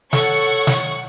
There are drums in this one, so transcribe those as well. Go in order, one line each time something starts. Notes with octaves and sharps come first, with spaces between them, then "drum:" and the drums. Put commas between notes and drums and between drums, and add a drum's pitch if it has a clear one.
A4 C#5 F#5 C#6, drum: snare
drum: snare